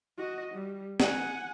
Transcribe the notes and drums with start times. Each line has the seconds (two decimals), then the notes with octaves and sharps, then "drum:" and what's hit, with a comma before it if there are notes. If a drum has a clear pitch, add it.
0.18 F#4 D#5
0.54 G3
1.00 F#5 G#5, drum: snare